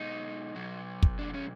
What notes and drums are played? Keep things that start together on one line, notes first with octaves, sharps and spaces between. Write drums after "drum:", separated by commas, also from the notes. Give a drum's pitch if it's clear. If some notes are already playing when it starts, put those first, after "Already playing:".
Already playing: B2 G#3 D#4
B2 F#3
drum: kick
D4
C#4